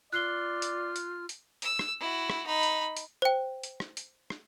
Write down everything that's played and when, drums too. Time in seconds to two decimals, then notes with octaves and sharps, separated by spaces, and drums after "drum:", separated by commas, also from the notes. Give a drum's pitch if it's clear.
0.13 F4 D5 F6 F#6 C7 G7
0.62 drum: hi-hat
0.96 drum: hi-hat
1.29 drum: hi-hat
1.62 E6, drum: hi-hat
1.79 drum: rim click
2.00 E4 F#4
2.30 drum: rim click
2.46 D#4 B5
2.63 drum: hi-hat
2.97 drum: hi-hat
3.22 C5 G5
3.63 drum: hi-hat
3.80 drum: rim click
3.97 drum: hi-hat
4.30 drum: rim click